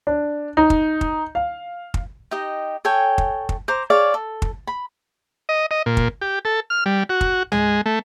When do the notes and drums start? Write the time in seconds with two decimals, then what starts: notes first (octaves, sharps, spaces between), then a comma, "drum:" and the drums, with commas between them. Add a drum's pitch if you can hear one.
0.07 D4
0.57 D#4
0.70 drum: kick
1.01 drum: kick
1.35 F5
1.94 drum: kick
2.31 D#4 G4 D#5
2.85 A4 C#5 G5 G#5
3.18 drum: kick
3.49 drum: kick
3.68 C5 A#5 D6
3.90 G#4 C#5 D5 F5
4.14 A4
4.42 drum: kick
4.67 B5
5.49 D#5
5.71 D#5
5.86 A#2
5.97 drum: kick
6.21 G4
6.45 A4
6.70 F6
6.86 G3
7.09 F#4
7.21 drum: kick
7.52 G#3, drum: tom
7.86 A3